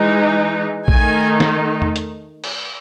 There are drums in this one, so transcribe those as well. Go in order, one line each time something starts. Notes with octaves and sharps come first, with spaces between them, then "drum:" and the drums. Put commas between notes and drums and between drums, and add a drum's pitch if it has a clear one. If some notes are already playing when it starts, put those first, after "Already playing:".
Already playing: E3 G#3 D#4
D#3 A3 D#4 G#5, drum: kick A#1
drum: snare
drum: tom
drum: hi-hat
drum: cymbal